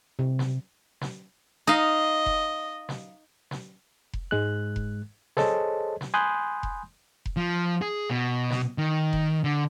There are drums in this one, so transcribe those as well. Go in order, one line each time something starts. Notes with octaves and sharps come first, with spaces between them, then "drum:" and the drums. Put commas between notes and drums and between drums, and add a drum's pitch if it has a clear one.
C3
drum: snare
drum: snare
D#4 D#5 F5
drum: kick F1
drum: snare
drum: snare
drum: kick F1
G#2 G#3 F#6
drum: kick F1
G#4 A4 C5 C#5 D#5 A5, drum: snare
drum: snare
G#5 B5 C6 D#6 F#6 G6
drum: kick F1
drum: kick F1
F3
G#4
B2
drum: snare
D#3
drum: kick F1
D3